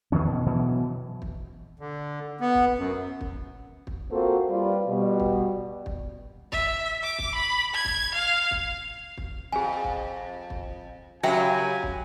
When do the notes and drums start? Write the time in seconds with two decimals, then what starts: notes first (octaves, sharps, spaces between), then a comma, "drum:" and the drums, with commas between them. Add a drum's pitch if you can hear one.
0.12 E2 D#3 F3 C#4
0.26 B2 D#3
0.47 B2 E3 F#3
1.22 drum: kick
1.79 D3
2.40 B3
2.54 drum: kick
2.78 F#2
3.21 drum: kick
3.87 drum: kick
4.12 A#3 C4 F4 F#4 A4 C5
4.50 G3 F4 B4
4.88 B2 G3
5.20 drum: kick
5.86 drum: kick
6.52 E5, drum: kick
7.03 D6
7.19 drum: kick
7.35 B5
7.74 G#6
7.85 drum: kick
8.14 F5
8.51 drum: kick
9.17 drum: kick
9.52 F2 G#4 G#5
9.84 drum: kick
10.50 drum: kick
11.23 C#3 F#3 G4 A#4 E5 G5 G#5
11.83 drum: kick